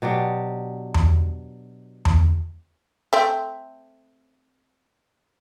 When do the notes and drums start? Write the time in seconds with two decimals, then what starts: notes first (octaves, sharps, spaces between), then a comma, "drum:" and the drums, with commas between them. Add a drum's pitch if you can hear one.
0.02 B2 F#3 D4 G4
0.94 drum: tom E2
2.05 drum: tom E2
3.13 A3 C4